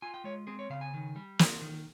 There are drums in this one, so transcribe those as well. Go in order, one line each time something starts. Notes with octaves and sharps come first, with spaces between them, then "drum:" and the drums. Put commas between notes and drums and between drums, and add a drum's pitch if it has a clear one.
F4 G#5
G5
G#3 C#5
C4 G#4
C#5
C#3 F5
G#5
D#3
G3
C4, drum: snare
D#3